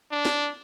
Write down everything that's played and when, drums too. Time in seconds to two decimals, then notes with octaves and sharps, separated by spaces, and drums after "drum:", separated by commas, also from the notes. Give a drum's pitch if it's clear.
0.12 D4
0.25 drum: snare